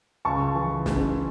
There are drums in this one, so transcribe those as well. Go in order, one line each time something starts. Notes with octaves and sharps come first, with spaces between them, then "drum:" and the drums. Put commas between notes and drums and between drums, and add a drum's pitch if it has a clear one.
C#2 A5 C#6
E3
C#3, drum: snare